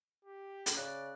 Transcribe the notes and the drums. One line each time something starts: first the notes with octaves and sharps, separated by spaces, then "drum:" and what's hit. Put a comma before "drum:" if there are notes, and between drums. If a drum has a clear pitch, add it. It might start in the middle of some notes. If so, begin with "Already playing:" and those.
G4
drum: hi-hat
C#3 D5 F#6